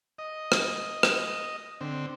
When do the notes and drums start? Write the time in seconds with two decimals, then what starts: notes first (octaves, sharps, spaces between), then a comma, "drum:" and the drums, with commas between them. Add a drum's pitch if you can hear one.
0.18 D#5
0.52 drum: rim click
1.03 drum: rim click
1.81 D3 C4